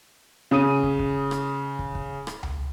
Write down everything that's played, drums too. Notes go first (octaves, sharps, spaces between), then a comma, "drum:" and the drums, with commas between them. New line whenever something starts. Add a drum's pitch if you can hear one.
C#3 D#6 D#7
drum: kick
drum: kick
drum: rim click
drum: kick
drum: kick
drum: rim click
drum: tom C#2